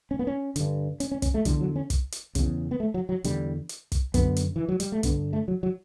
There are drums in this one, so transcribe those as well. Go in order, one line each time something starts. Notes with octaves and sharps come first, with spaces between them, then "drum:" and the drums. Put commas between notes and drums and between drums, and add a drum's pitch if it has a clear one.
C#4
B3
C#4
G2 D3, drum: hi-hat
C#4, drum: hi-hat
C#4
C#4, drum: kick, hi-hat
A3
E2 D3 G3, drum: kick, hi-hat
F#3
C#4
drum: kick, hi-hat
drum: hi-hat
E2 C#3, drum: kick, hi-hat
B3
A3
F#3
F#3
E2 D3 G3, drum: hi-hat
drum: hi-hat
drum: kick, hi-hat
F#2 D3 B3, drum: kick, hi-hat
drum: hi-hat
E3
F#3
G3, drum: hi-hat
A3
G2 D3 B3, drum: kick, hi-hat
A3
F#3
F#3